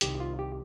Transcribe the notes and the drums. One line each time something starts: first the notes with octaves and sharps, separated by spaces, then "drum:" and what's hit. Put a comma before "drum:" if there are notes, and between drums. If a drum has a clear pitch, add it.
C2 C3 D#3 G4, drum: hi-hat
F4
G4